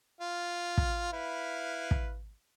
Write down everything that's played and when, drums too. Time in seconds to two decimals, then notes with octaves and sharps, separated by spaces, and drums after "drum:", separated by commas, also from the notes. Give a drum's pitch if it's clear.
0.21 F4
0.78 drum: kick
1.13 E4 B4 F5
1.91 drum: kick